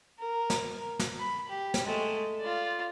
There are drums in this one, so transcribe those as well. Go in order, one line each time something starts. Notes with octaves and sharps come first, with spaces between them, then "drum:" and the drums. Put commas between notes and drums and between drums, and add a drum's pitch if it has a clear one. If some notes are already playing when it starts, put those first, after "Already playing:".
A#4
drum: snare
drum: snare
B5
G4
drum: snare
G#3 A3
F4 D5